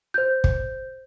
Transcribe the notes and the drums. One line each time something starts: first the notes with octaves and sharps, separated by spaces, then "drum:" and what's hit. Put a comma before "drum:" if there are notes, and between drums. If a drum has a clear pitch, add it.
C5 G6
drum: kick